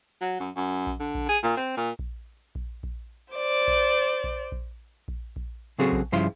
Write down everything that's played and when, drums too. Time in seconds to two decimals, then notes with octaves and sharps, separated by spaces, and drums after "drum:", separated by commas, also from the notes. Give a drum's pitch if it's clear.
0.21 F#3
0.40 F#2
0.56 F#2
0.87 drum: kick A#1
1.00 D3
1.15 drum: kick A#1
1.29 G#4
1.43 A#2
1.57 C4
1.77 A#2
1.99 drum: kick A#1
2.55 drum: kick A#1
2.83 drum: kick A#1
3.34 C5 D5
3.68 drum: kick A#1
4.24 drum: kick A#1
4.52 drum: kick A#1
5.08 drum: kick A#1
5.36 drum: kick A#1
5.79 C#3 F#3 C4 F#4 G#4 A4
5.92 drum: kick A#1
6.12 G2 C#3 F3 E4 F4 C6